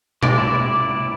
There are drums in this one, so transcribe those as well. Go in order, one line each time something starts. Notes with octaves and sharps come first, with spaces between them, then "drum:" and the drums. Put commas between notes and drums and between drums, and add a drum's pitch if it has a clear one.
G#3 D5, drum: tom B2
E4 D5